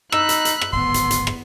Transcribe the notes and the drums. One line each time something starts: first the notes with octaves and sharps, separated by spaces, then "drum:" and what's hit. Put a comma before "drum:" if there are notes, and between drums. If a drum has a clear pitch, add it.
D#4 B5 E6 F#6, drum: rim click
drum: hi-hat
drum: hi-hat
drum: rim click
D1 G#1 B3 C6
drum: hi-hat
drum: hi-hat
drum: rim click